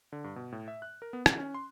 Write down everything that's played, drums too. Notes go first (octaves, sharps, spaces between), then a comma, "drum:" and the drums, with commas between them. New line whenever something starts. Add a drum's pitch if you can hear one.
D3
G2
B2
A2
E5
F#6
A#4
B3
D#3, drum: rim click
C#4
C6